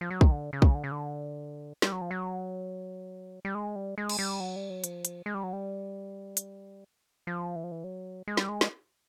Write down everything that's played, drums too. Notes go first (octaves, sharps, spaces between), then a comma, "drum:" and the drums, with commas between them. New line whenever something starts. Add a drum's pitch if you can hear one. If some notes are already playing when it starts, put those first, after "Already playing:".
F3
F#3
D#3, drum: kick
D3
C#3
drum: kick
D3
C#3
D3
G3, drum: snare
F#3
F3
F#3
G3
G#3
G3
G#3
drum: cymbal
G3
F#3
G3
F#3
F3, drum: hi-hat
drum: hi-hat
G#3
G3
F#3
G3
drum: hi-hat
F3
E3
F3
E3
F#3
G#3
G3, drum: snare
G#3
drum: snare